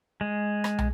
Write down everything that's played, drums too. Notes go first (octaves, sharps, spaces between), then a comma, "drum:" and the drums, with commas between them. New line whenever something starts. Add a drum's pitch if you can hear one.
G#3
drum: rim click
drum: tom